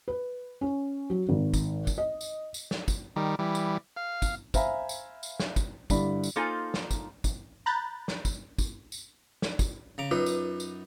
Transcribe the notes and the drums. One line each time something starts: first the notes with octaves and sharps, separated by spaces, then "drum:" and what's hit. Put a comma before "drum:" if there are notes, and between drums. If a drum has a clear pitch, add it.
B4
C#4
F#3
G#1
drum: kick, tambourine
drum: kick, tambourine
D#5
drum: tambourine
drum: tambourine
drum: snare
drum: kick, tambourine
D#3 G3
E3 G3
drum: tambourine
F5
drum: kick, tambourine
C5 E5 F5 G#5 A#5 B5, drum: kick, tambourine
drum: tambourine
drum: tambourine
drum: snare
drum: kick, tambourine
G2 D3 E4 D5 B5, drum: kick, tambourine
drum: tambourine
A#3 D#4 F4 A4 C5 G#5
drum: snare
drum: kick, tambourine
drum: kick, tambourine
A#5 B5 F#6 G6 A6
drum: snare
drum: kick, tambourine
drum: kick, tambourine
drum: tambourine
drum: snare
drum: kick, tambourine
C#3 A#5 D6
F#2 D#4 F4 B4
drum: tambourine
drum: tambourine